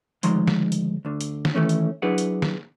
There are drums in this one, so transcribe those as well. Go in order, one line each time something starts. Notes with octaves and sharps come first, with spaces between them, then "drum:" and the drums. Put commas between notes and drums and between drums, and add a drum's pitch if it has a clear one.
D2 D#3 F3 G#3 A#5 C6, drum: hi-hat
drum: snare
drum: hi-hat
D2 D3
drum: hi-hat
drum: snare
D#3 E3 A3 C#4
drum: hi-hat
F#3 D4 E4 G#4 B4 F#5
drum: hi-hat
drum: snare